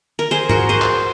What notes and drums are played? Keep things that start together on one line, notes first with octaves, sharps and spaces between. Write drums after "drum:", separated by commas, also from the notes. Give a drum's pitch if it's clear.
A#4
G#4 C5
F#4 A#4, drum: tom G#2
G#4 C5
drum: clap